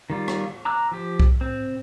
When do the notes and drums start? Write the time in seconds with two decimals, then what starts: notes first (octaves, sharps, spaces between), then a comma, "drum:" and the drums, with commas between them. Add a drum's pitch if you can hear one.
0.10 D#3 G3 F4
0.28 drum: rim click
0.65 A#5 D6 E6 F#6
0.91 F3 G4
1.20 drum: kick B1
1.41 C4